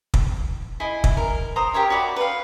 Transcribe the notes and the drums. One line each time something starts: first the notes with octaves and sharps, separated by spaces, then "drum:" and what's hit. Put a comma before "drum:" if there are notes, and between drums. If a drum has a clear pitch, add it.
drum: kick
E4 G#4 D#5
drum: kick
A#4
C5 A#5 D#6
G4 A#4 C#5 E5
F#4 D5 B5
B4 F5